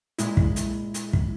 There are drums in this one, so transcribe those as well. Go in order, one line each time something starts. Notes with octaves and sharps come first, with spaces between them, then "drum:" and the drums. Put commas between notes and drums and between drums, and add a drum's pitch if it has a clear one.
A#2 G#3 E4, drum: hi-hat
drum: kick
drum: hi-hat
drum: hi-hat
drum: kick